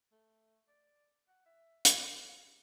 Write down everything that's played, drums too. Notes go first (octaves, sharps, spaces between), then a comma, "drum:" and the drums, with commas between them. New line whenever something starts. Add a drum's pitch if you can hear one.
A3
D5
F#5
E5
G4, drum: hi-hat
G4